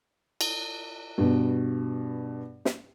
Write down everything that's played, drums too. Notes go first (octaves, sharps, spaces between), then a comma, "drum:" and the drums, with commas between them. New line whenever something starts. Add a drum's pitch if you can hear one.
drum: cymbal
G2 B2
drum: snare